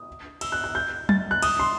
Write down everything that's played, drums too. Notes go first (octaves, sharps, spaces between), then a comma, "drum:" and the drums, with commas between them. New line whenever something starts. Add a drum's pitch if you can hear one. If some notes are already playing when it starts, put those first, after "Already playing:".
Already playing: D#6
E6, drum: cymbal
F#6
F#6
G6
A6, drum: tom F#3
F#6
D#6, drum: cymbal
C6